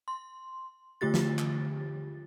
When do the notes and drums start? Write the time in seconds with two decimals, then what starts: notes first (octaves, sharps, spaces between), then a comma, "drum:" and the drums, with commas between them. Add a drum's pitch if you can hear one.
0.08 C6
1.01 D3 A3 F4 G4 A6
1.14 drum: snare
1.39 drum: clap